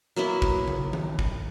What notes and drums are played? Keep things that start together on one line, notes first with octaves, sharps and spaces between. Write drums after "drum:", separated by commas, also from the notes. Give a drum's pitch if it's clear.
F#3 A#3 B3 E4
drum: kick G#1
drum: tom C#3
drum: tom D#3
drum: kick G#1